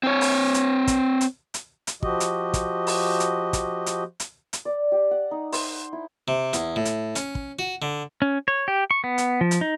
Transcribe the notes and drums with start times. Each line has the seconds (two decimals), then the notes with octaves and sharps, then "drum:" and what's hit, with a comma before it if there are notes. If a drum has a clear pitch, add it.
0.03 C4 C#5
0.21 drum: open hi-hat
0.54 drum: hi-hat
0.87 drum: kick, hi-hat
1.21 drum: hi-hat
1.54 drum: hi-hat
1.87 drum: hi-hat
2.03 F3 F#4 G4 D#5, drum: kick
2.20 drum: hi-hat
2.54 drum: kick, hi-hat
2.87 drum: open hi-hat
3.20 drum: hi-hat
3.53 drum: kick, hi-hat
3.86 drum: hi-hat
4.20 drum: hi-hat
4.53 drum: hi-hat
4.65 D5
4.92 G4
5.11 F#5
5.31 D#4
5.52 C5, drum: open hi-hat
5.93 E4
6.28 C3
6.53 E2, drum: hi-hat
6.76 A2
6.85 drum: hi-hat
7.16 C#4, drum: hi-hat
7.35 drum: kick
7.59 F#4
7.82 D3
8.22 C#4
8.48 C#5
8.68 G4
8.91 C#6
9.04 B3
9.18 drum: hi-hat
9.41 F3
9.51 drum: hi-hat
9.61 D#4